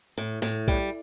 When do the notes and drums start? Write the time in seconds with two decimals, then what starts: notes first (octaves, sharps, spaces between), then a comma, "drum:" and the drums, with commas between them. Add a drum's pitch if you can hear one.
0.18 A2
0.42 A2, drum: snare
0.68 G3, drum: kick B1